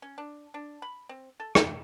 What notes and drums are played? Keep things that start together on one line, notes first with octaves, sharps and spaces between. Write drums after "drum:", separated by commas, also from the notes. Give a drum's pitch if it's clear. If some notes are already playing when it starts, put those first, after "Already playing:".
C#4
D4
D4
B5
C4
A4
D4, drum: rim click